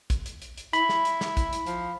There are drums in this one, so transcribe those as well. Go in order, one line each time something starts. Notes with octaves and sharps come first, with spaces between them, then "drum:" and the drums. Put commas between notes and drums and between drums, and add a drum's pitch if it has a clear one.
drum: kick, hi-hat
drum: hi-hat
drum: hi-hat
drum: hi-hat
E4 B5, drum: hi-hat
drum: snare
drum: hi-hat
drum: snare
drum: kick, hi-hat
drum: hi-hat
F3, drum: hi-hat